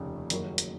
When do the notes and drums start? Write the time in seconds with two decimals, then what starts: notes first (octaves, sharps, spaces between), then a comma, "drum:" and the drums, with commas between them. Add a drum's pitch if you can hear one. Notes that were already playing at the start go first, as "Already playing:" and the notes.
Already playing: F1 D#2 C#3
0.30 F#1 F#2 D#3 F#3, drum: hi-hat
0.58 drum: hi-hat